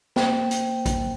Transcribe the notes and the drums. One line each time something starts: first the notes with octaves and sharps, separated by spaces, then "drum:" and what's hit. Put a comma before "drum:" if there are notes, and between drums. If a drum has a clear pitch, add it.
A#3 C5 G5, drum: snare
drum: hi-hat
drum: kick A1, hi-hat